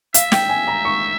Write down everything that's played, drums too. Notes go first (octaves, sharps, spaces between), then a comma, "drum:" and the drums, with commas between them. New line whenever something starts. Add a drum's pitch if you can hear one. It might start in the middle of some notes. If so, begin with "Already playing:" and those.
E5 F5, drum: hi-hat
G5, drum: snare
G#5
A#5
C#6